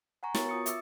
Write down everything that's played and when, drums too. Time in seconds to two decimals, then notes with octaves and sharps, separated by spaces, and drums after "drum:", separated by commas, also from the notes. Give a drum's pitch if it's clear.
0.23 F#5 G#5 A#5 C#6
0.35 B3 F#4 A#4 C#5 C#6 A6, drum: snare
0.49 F4 D#6 C#7
0.66 E5 D6 E6 A6, drum: hi-hat